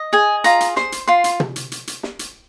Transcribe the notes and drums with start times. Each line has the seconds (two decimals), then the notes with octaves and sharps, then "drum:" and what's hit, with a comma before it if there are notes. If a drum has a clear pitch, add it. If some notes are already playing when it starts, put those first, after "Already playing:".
Already playing: D#5
0.13 G#4 G#5
0.44 F4 A#5, drum: hi-hat
0.61 drum: hi-hat
0.76 C5 C6, drum: snare
0.92 drum: hi-hat
1.08 F4 C6
1.24 drum: hi-hat
1.40 drum: tom
1.56 drum: hi-hat
1.72 drum: hi-hat
1.87 drum: hi-hat
2.03 drum: snare
2.19 drum: hi-hat